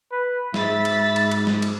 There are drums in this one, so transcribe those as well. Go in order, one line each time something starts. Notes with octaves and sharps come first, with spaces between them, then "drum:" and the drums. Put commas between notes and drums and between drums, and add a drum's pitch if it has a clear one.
B4
G#2 E5 B5 A6 B6, drum: snare
drum: cymbal
drum: cymbal
drum: cymbal
drum: snare
drum: cymbal